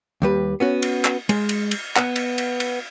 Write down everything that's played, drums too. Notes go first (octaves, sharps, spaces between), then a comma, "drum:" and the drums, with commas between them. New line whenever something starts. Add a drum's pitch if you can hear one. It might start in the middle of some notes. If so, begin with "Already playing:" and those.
D#2 G3 B4
B3 C#4 F#4
drum: cymbal
drum: clap
G#3, drum: cymbal
drum: cymbal
drum: cymbal
B3 F#5, drum: clap
drum: cymbal
drum: cymbal
drum: cymbal